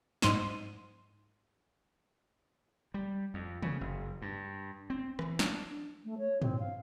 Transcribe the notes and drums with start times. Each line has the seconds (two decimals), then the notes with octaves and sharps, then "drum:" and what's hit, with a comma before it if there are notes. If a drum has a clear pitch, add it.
0.22 G#2 C6 D#7, drum: snare
2.94 G3
3.34 F2
3.62 C#3, drum: tom
3.81 F#1
4.22 G2
4.90 C4
5.19 E3, drum: rim click
5.39 D4, drum: snare
6.05 A3
6.19 C#5
6.42 C4, drum: tom
6.60 F5